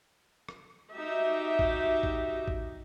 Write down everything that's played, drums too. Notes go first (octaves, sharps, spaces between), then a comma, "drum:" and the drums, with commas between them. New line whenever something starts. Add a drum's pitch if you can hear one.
drum: rim click
D#4 F#4 G4 E5
drum: kick A1
drum: kick A1
drum: kick A1